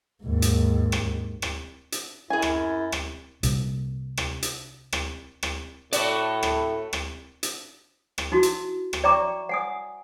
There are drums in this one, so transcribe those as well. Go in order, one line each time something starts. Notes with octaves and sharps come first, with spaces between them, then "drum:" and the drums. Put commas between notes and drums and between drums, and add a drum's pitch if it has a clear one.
D#2 G#2
drum: hi-hat
drum: rim click
drum: rim click
drum: hi-hat
F#2 E4 G#4 G#5
drum: rim click
drum: rim click
C2 A#2, drum: hi-hat
drum: rim click
drum: hi-hat
drum: rim click
drum: rim click
A2 A3 F#4 D5, drum: hi-hat
drum: rim click
drum: rim click
drum: hi-hat
drum: rim click
D#4 E4 F#4
drum: hi-hat
drum: rim click
D5 E5 G5 A#5 C#6 D6
F#5 G#5 D#6